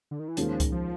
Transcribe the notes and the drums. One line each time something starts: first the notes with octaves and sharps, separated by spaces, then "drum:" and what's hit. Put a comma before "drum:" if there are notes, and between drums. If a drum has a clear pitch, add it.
D3
D#3
E3
D#2 D#3 F3 G#3 C#4, drum: hi-hat
drum: kick C2, hi-hat
F3